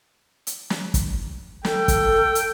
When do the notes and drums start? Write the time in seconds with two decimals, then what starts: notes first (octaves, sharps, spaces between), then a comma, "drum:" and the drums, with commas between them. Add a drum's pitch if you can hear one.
0.47 drum: hi-hat
0.70 drum: snare
0.94 drum: kick G1, hi-hat
1.65 A4 G5, drum: snare
1.88 drum: kick G1, hi-hat
2.35 drum: hi-hat